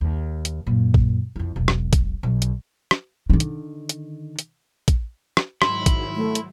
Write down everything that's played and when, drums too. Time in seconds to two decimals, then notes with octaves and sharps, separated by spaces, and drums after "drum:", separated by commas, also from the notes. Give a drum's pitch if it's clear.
0.01 D#2
0.45 drum: hi-hat
0.67 F#2 A#2
0.94 drum: kick
1.36 F2 E4
1.56 E1 B1
1.68 drum: rim click
1.93 drum: kick, hi-hat
2.23 B1
2.42 drum: hi-hat
2.91 drum: rim click
3.30 D3 D#3
3.40 drum: hi-hat
3.89 drum: hi-hat
4.39 drum: hi-hat
4.88 drum: kick, hi-hat
5.37 drum: rim click
5.62 G#2 D#3 F#3 E4 C6, drum: rim click
5.86 drum: kick, hi-hat
6.16 A3
6.35 drum: hi-hat